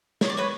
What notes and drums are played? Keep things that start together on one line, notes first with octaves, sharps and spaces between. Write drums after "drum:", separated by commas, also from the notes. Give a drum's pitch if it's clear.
C#5, drum: snare
D5
B4 C#5